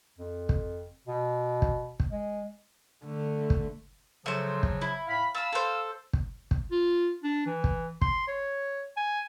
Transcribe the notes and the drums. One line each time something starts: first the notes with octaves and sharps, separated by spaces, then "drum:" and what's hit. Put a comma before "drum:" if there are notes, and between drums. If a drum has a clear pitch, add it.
F2
drum: kick
B2
drum: kick
drum: kick
G#3
D3 A3
drum: kick
C#3 F3 F#3 A3 C5
drum: kick
E4
A2 F5 B5
F5 A5 B5 E6
A4 C5
drum: kick
drum: kick
F4
D4
E3
drum: kick
C6, drum: kick
C#5
G#5